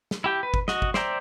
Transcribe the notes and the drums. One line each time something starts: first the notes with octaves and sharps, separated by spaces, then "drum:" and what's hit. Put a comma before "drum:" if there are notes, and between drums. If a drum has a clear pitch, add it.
drum: snare
E4 G4 G5
B4
drum: kick G1
F#4 D#5, drum: snare
drum: kick G1
C5 D5 E5 G5 A#5, drum: snare